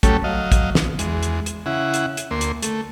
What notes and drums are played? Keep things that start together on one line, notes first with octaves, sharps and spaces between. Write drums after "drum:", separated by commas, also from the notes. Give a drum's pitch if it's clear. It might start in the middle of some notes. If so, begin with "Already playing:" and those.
F#3 A3 C#4 G4 A4, drum: kick, hi-hat
F#3 D#5 F5
drum: kick, hi-hat
drum: snare
E2 G#3, drum: hi-hat
drum: hi-hat
drum: hi-hat
C#3 E4 F#5
drum: hi-hat
drum: hi-hat
D2 A#3 C6
drum: hi-hat
A3, drum: hi-hat